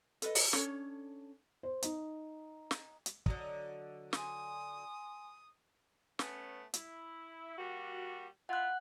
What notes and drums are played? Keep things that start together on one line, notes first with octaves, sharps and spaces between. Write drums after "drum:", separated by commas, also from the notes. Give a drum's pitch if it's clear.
A4 B4 D#5, drum: hi-hat
drum: open hi-hat
C#4 D4 A4 C#5, drum: snare
C5
D#4, drum: hi-hat
drum: snare
drum: hi-hat
D3 F#3 D#5, drum: kick
G#5 C6 D#6, drum: snare
A3 B3 C#4, drum: snare
E4, drum: hi-hat
G3 A#3 F#4
E4 F4 F#5 F#6